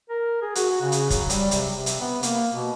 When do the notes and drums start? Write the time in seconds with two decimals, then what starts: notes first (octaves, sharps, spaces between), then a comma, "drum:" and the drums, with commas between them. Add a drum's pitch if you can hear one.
0.09 A#4
0.42 G#4
0.55 F#4, drum: hi-hat
0.81 C#3
0.92 drum: hi-hat
1.10 F#3, drum: kick, hi-hat
1.30 G3, drum: hi-hat
1.51 C3, drum: hi-hat
1.73 C3
1.86 drum: hi-hat
2.00 B3
2.23 A#3, drum: hi-hat
2.52 B2